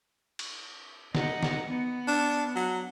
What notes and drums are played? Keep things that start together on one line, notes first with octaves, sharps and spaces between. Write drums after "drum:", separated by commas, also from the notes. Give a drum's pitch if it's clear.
drum: cymbal
D#4 F#5, drum: snare
drum: snare
B3
D4
F#3